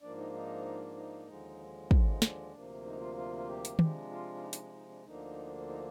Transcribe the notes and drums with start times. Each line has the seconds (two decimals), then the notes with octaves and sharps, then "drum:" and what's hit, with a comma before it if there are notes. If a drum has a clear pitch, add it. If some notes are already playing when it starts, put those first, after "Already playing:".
0.02 G#2 F3 A#3 D4 D5
0.17 D#4
0.34 D#4
0.97 D#4
1.27 D#2 D3 F3 G#3
1.91 D#4, drum: kick
2.03 D4
2.11 D#4
2.22 D4, drum: snare
2.54 D2 C3 F3 A#3
2.85 D#4
3.00 F4
3.17 F4
3.37 F4
3.48 G4
3.65 drum: hi-hat
3.79 C3 F3 G#3 D4, drum: tom D#3
4.11 F4
4.35 F4
4.42 D#4
4.53 D#4, drum: hi-hat
4.63 D4
4.73 D#4
4.90 D4
5.04 D2 D3 F3 A#3 D4 D#4
5.68 D#4